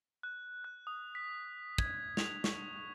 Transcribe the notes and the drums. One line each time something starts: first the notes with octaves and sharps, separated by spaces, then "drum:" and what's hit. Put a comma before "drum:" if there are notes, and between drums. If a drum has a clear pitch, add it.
F#6
F#6
D#6
B6
G#6, drum: kick
F7, drum: snare
C#6, drum: snare